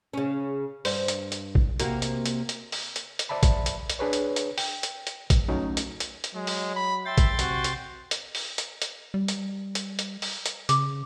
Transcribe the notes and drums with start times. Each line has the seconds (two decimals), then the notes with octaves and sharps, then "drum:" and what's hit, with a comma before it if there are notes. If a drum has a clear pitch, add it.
0.14 C#3 C#4
0.85 G2 C5, drum: open hi-hat
1.08 drum: hi-hat
1.32 drum: hi-hat
1.55 drum: kick A1
1.80 C3 A#3 F#4, drum: hi-hat
2.02 drum: hi-hat
2.26 drum: hi-hat
2.49 drum: hi-hat
2.72 drum: open hi-hat
2.96 drum: hi-hat
3.19 drum: hi-hat
3.29 C5 D5 E5 A5 B5
3.43 drum: kick A1, hi-hat
3.66 drum: hi-hat
3.90 drum: hi-hat
3.99 D4 G#4 B4 C#5
4.13 drum: hi-hat
4.36 drum: hi-hat
4.58 G5, drum: open hi-hat
4.83 drum: hi-hat
5.07 drum: hi-hat
5.30 drum: kick A1, hi-hat
5.48 F#3 A3 C#4 D#4
5.77 drum: hi-hat
6.00 drum: hi-hat
6.24 drum: hi-hat
6.35 F#3 G#3
6.47 drum: open hi-hat
6.75 B5
7.06 E5 G5 C6 A6
7.18 drum: kick A1, hi-hat
7.39 C3 F#4, drum: hi-hat
7.64 drum: hi-hat
8.11 drum: hi-hat
8.35 drum: open hi-hat
8.58 drum: hi-hat
8.82 drum: hi-hat
9.14 G3
9.28 drum: hi-hat
9.75 drum: hi-hat
9.99 drum: hi-hat
10.22 drum: open hi-hat
10.46 drum: hi-hat
10.69 C#3 D6, drum: hi-hat